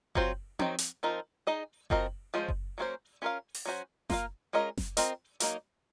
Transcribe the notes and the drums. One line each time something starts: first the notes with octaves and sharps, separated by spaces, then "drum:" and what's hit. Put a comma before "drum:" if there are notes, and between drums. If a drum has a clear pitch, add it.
F#3 C4 F4 C5, drum: kick F#1
D#3 F#3 C4 D#4, drum: tom C4
drum: hi-hat
F3 C4 D#4 A#4
D#4 G#4 D#5
F3 C4 F#4 A#4 D#5, drum: kick F#1
F3 G#3 C#4 F4 C5
drum: kick F#1
F#3 A#3 C#4 F4 C5
C#4 F4 A#4 F5
drum: open hi-hat
F#3 C#4 F#4 C5
A#3 F4 A#4 F5, drum: snare F#1
G#3 C#4 F4 A#4 D#5
drum: snare F#1
C4 F4 A#4 D#5, drum: hi-hat
F#3 A#3 D#4, drum: hi-hat